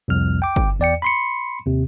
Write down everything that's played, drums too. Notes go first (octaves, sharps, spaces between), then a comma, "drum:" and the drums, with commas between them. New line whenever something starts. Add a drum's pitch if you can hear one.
C2 F2 F6
G5 D6
drum: kick
E2 D5 G5 C#7
B5 C6 C#7
D#2 C3